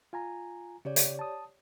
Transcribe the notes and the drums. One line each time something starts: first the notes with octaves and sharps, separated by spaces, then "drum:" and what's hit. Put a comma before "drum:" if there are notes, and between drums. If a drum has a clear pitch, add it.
F4 G#5 A#5
C#3 G4 C#5 D5
drum: hi-hat
A5 D#6